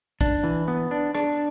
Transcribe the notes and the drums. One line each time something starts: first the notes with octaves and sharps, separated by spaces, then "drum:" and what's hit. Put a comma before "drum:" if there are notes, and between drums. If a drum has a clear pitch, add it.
D4, drum: kick, hi-hat
E3
B3
D4
D4, drum: rim click